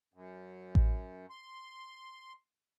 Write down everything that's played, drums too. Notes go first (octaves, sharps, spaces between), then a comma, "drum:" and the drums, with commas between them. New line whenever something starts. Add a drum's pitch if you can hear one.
F#2
drum: kick A1
C6